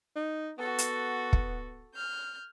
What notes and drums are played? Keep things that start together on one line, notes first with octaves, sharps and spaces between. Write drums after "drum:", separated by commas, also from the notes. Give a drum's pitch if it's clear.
D#4
B3 F#4 A4
drum: hi-hat
drum: kick
F6 G6